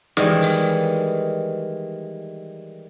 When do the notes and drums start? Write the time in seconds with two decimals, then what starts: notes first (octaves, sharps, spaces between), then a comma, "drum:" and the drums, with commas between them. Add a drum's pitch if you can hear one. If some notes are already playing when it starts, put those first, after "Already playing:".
0.17 D#3 E3 G3 G#3, drum: snare
0.42 drum: open hi-hat